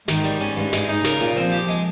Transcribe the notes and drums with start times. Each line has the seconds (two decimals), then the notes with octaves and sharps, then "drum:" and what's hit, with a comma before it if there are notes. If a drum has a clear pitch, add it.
0.08 G#2 D#3, drum: snare
0.24 G3
0.41 C#4
0.57 G2
0.73 G#3, drum: snare
0.88 D#4
1.04 C#3 A#4, drum: snare
1.20 A#2
1.36 F3 C4
1.52 G4
1.68 G#3